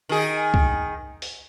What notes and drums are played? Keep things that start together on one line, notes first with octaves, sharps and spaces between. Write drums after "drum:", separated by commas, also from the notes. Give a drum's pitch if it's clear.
D#3 G#4
drum: kick C2
drum: open hi-hat